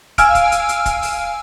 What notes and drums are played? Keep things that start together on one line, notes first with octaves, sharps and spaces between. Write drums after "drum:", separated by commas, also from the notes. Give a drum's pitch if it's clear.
F5 G#5 E6 F6 D7, drum: kick, hi-hat
drum: kick, hi-hat
drum: hi-hat
drum: hi-hat
drum: kick, hi-hat
drum: open hi-hat